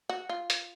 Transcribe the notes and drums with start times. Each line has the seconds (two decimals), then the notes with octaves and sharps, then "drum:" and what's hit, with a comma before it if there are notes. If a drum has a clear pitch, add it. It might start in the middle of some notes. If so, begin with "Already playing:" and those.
0.09 F#4
0.29 F4
0.50 drum: hi-hat